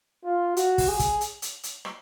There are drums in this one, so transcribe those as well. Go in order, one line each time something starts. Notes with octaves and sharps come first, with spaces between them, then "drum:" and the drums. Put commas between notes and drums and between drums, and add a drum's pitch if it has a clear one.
F4
F#4, drum: hi-hat
drum: kick, open hi-hat
G#4
drum: kick, hi-hat
drum: hi-hat
drum: hi-hat
drum: hi-hat
drum: rim click